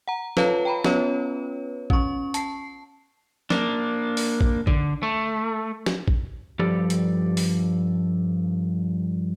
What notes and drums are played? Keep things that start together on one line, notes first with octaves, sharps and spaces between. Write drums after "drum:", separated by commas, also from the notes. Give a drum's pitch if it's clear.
F#5 A#5
F4 A4 B4 C#5 F5 A5, drum: snare
G5 A#5 B5
B3 C#4 F4 B4 C#5, drum: snare
C#4 C#6, drum: kick A1
A5 C7, drum: hi-hat
A#3 D4, drum: snare
drum: open hi-hat
drum: kick A1
D3, drum: kick A1
A3
drum: snare
drum: kick A1
G2 F3 G4 A4 D5
drum: hi-hat
drum: open hi-hat